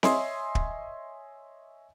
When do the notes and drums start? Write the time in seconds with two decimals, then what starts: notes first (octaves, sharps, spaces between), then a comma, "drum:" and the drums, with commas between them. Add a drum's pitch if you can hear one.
0.03 C#5 D#5 E5 G#5 C6 D#6, drum: snare C4
0.55 drum: kick